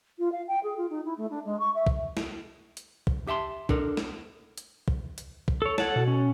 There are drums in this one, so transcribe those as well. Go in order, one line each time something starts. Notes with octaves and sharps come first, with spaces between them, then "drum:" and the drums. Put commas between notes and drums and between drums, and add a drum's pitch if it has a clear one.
F4
F5
G5
G#4
F4
D#4
E4
A3
D4
G#3
C#6
E5
drum: kick
drum: snare
drum: hi-hat
drum: kick
G4 E5 A5 C6
D4 A4 A#4, drum: kick
drum: snare
drum: hi-hat
drum: kick
drum: hi-hat
drum: kick
A4 C#5
A4 C#5 F#5 A5, drum: snare
B2
C#4